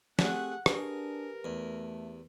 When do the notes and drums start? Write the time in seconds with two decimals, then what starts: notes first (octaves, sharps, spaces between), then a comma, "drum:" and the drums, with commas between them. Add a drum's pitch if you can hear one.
0.19 A3 C4 G4 G#4 F#5 F#6, drum: snare F3
0.66 D4 G4 G#4 A#4 B4, drum: rim click
1.44 E2 A3